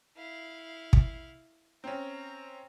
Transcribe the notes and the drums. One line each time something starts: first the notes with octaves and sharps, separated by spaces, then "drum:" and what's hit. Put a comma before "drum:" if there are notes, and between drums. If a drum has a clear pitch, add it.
E4 F5
drum: kick
C4 C#4 A#5